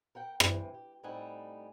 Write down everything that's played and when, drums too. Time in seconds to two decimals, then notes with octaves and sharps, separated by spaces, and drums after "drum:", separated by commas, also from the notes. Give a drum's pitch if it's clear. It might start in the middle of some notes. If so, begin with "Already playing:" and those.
0.15 A#4 F#5 G5
0.40 D2 G2 C3 E3, drum: rim click
0.74 G4
1.03 A2 G3 C4 D#4 F#5 G#5